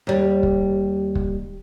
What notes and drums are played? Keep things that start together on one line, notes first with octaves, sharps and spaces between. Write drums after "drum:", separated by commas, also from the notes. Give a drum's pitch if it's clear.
D#2 G3
drum: kick
drum: kick